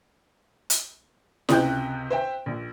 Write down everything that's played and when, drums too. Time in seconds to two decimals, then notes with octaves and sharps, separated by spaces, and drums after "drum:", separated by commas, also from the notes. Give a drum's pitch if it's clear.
0.70 drum: hi-hat
1.49 C#2 C3 D#5 G5 F#6 G6, drum: snare E4
2.10 C5 E5 G5
2.46 A#1